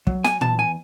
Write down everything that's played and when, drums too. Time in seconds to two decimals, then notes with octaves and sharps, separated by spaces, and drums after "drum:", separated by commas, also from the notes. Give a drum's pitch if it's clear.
0.07 F#3, drum: kick
0.24 G#5, drum: snare
0.41 E2 A5, drum: tom A#2
0.59 G#5